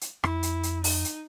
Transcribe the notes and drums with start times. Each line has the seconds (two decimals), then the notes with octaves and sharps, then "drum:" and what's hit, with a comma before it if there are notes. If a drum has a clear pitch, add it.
0.01 drum: hi-hat
0.24 F2 E4, drum: rim click
0.43 drum: hi-hat
0.63 drum: hi-hat
0.84 D#4, drum: open hi-hat
1.05 drum: hi-hat